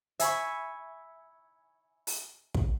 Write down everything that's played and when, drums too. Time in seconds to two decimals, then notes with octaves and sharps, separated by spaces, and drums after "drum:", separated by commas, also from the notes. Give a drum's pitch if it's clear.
0.19 E5 G#5 B5 C#6, drum: hi-hat
2.07 drum: open hi-hat
2.54 drum: kick